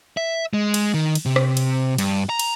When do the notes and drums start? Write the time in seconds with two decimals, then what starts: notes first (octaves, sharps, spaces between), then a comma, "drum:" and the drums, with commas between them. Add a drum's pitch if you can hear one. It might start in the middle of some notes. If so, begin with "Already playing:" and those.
0.17 E5
0.53 G#3
0.74 drum: cymbal
0.94 D#3
1.15 drum: cymbal
1.26 C3
1.36 drum: rim click
1.57 drum: cymbal
1.98 G2, drum: cymbal
2.29 A#5
2.39 drum: cymbal